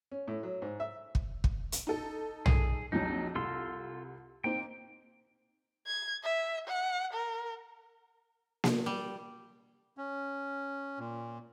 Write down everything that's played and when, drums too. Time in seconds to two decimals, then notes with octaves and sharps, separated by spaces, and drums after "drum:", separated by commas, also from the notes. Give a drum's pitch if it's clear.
0.12 C#4
0.28 A2
0.43 F#3
0.62 G#2
0.80 E5
1.15 drum: kick
1.44 drum: kick
1.72 drum: hi-hat
1.87 D#4 A4
2.46 G#4, drum: tom
2.92 A#1 F2 F#3 D#4
3.35 C2 F4 A4 C6
4.44 A#3 C4 D#4 G5
5.87 G#6
6.23 E5
6.68 F#5
7.13 A#4
8.64 drum: snare A#3
8.86 G3
9.98 C#4
10.99 A#2